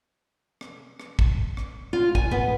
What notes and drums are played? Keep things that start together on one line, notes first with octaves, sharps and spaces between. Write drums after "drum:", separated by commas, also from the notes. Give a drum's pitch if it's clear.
drum: rim click
drum: rim click
drum: kick
drum: rim click
F4
G#5, drum: kick
B3, drum: tom A2